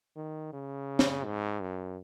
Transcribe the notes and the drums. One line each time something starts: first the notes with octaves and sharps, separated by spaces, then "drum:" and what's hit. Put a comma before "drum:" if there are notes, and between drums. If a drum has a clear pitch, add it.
D#3
C#3
drum: snare
G#2
F#2